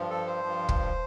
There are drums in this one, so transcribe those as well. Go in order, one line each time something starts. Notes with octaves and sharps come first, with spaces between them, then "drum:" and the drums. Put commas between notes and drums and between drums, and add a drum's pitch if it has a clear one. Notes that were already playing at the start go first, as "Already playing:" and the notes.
Already playing: G2 F3
A4
C5
G2 F3
drum: kick